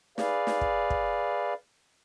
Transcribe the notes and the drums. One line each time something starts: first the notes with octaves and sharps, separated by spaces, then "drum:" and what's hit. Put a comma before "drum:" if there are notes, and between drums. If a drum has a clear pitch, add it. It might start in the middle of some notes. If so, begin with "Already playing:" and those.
G#4 B4 D5 F5, drum: snare
drum: snare
drum: kick
drum: kick